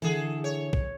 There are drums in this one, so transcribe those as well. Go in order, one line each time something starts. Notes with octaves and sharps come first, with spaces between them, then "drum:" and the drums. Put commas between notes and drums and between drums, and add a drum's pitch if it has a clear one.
D3 E3 G#4 A4
C#5
drum: kick